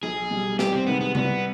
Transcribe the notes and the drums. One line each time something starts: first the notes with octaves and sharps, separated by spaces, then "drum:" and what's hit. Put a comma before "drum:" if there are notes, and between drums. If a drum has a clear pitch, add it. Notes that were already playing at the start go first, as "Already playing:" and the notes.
B1 G#4
B2 G3
C2 G4, drum: snare
C4
C3 D#3 G#3 B3
B3
C2 B3, drum: tom C3